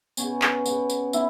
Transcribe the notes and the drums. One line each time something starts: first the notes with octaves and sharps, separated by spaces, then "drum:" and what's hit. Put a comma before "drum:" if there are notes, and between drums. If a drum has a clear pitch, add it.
B2 B3 C#4, drum: tambourine
drum: clap
B2 B3, drum: tambourine
drum: tambourine
B3 E4, drum: tambourine